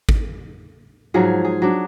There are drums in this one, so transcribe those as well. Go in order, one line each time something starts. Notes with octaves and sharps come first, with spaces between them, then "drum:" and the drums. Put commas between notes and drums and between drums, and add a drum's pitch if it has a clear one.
drum: kick G#1
G#2 F3 F#3 G#4
G#4
F#3 D4